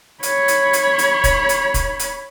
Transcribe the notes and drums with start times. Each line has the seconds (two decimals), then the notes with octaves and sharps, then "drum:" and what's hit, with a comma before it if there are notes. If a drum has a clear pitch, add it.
0.23 C#5 B5, drum: hi-hat
0.48 drum: hi-hat
0.73 drum: hi-hat
0.98 drum: hi-hat
1.24 drum: kick, hi-hat
1.49 drum: hi-hat
1.74 drum: kick, hi-hat
1.99 drum: hi-hat